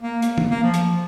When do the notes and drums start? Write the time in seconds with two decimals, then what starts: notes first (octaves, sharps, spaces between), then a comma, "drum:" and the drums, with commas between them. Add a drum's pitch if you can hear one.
0.02 A#3
0.22 A#3, drum: hi-hat
0.38 drum: tom
0.51 A#3
0.63 F3
0.74 drum: hi-hat